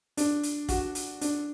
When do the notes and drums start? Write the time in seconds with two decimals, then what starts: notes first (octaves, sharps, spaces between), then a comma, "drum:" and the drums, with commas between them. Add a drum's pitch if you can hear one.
0.17 D4, drum: hi-hat
0.43 drum: hi-hat
0.69 F#4, drum: kick, hi-hat
0.95 drum: hi-hat
1.21 D4, drum: hi-hat